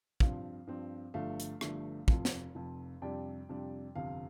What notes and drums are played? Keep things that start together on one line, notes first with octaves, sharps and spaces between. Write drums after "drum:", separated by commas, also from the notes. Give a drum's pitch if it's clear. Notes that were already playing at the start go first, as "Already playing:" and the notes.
G2 F3 C4 F5, drum: kick
G2 F3 C4
G1 G2 F3 A3 F5
drum: hi-hat
G1 G2 F3 A3, drum: rim click
F1 F2 F3 F5, drum: kick
drum: snare
F1 F2 F3
F2 C3 G3 D4 D5 G5
F2 C3 G3 D4
G1 F2 C3 F5